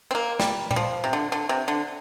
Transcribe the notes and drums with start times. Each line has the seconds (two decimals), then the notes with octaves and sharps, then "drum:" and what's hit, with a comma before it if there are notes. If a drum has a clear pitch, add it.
0.11 C4
0.15 A#3
0.39 G3, drum: snare
0.71 G3, drum: tom A#2
0.76 F3
1.04 C3
1.13 D3
1.32 D3
1.49 C3
1.68 D3